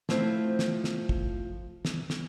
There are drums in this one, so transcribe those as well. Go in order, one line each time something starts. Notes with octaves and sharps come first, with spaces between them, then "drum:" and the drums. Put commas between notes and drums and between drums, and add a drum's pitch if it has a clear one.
F3 A3 C4 E4, drum: snare
drum: snare
drum: snare
drum: kick
drum: snare
drum: snare